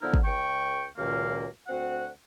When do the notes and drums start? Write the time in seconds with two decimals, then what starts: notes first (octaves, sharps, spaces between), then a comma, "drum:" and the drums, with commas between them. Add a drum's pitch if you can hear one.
0.02 D3 F3 B3 D#4 E4 A#4
0.14 drum: kick
0.24 C#2 G5 C#6
0.98 C#2 F#2 A#2 D#3 A#3 F5
1.68 D2 C4 F#4 F#5